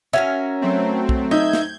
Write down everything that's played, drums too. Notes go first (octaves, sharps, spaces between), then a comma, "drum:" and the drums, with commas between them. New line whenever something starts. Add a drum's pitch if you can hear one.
C#4 F#4 A#4 E5
F#3 A3 C4
drum: kick
D#4 E5 G6 G#6
drum: snare